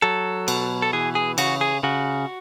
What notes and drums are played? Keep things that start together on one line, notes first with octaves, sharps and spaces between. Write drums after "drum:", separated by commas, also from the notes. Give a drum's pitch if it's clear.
F#3 A4
B2, drum: cymbal
A4
E3 G#4
G#4
C#3 F#4, drum: cymbal
G#4
C#3 F#4